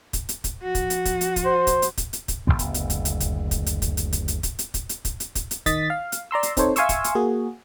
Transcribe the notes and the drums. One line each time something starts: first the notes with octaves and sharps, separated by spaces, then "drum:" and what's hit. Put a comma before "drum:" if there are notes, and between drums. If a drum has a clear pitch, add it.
drum: kick, hi-hat
drum: hi-hat
drum: kick, hi-hat
F3 F#4
drum: kick, hi-hat
drum: hi-hat
drum: kick, hi-hat
drum: hi-hat
drum: kick, hi-hat
C5
drum: kick, hi-hat
drum: hi-hat
drum: kick, hi-hat
drum: hi-hat
drum: kick, hi-hat
F#1 D2 G2 B3
drum: kick, hi-hat
drum: hi-hat
drum: kick, hi-hat
drum: hi-hat
drum: kick, hi-hat
drum: kick, hi-hat
drum: hi-hat
drum: kick, hi-hat
drum: hi-hat
drum: kick, hi-hat
drum: hi-hat
drum: kick, hi-hat
drum: hi-hat
drum: kick, hi-hat
drum: hi-hat
drum: kick, hi-hat
drum: hi-hat
drum: kick, hi-hat
drum: hi-hat
D#3 D#5 A6 B6, drum: kick, hi-hat
F5
drum: hi-hat
D5 A#5 C6 E6
drum: hi-hat
C4 D#4 A4 C5 C#5, drum: kick, hi-hat
E5 F5 G#5 C6 C#6 E6, drum: hi-hat
drum: kick, hi-hat
drum: hi-hat
A#3 F#4 G#4